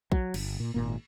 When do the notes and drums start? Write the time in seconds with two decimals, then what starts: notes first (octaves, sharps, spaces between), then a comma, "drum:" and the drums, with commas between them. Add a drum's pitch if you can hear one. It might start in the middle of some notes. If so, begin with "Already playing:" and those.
0.12 F#3, drum: kick
0.34 G1, drum: cymbal
0.60 A#2
0.74 G#1 A#2 A#3